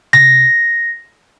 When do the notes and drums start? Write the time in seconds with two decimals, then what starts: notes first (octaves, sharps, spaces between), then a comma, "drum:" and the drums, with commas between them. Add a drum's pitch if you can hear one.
0.13 A#6, drum: tom C3